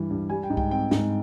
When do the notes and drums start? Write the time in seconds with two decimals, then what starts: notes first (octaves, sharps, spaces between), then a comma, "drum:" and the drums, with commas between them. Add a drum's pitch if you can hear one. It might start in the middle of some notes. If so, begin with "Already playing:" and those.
Already playing: G2 E3 G3
0.10 G2
0.30 G3 G#5
0.43 G5
0.50 G#2
0.57 G5, drum: kick C2
0.71 C4 G5
0.91 G#2, drum: snare